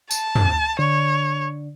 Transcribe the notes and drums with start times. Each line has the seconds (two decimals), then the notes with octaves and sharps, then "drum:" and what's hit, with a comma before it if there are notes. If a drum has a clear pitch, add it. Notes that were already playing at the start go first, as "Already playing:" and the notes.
0.11 A5, drum: tambourine
0.35 drum: tom
0.79 D3 C#5